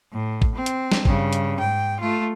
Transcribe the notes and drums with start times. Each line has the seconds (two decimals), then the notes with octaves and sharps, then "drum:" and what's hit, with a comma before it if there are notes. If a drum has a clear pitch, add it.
0.12 A2
0.42 drum: kick G#1
0.55 C4
0.66 drum: hi-hat
0.92 drum: snare
1.05 G2 C#3, drum: kick G#1
1.33 drum: hi-hat
1.59 G#2 G5
2.00 A3 F4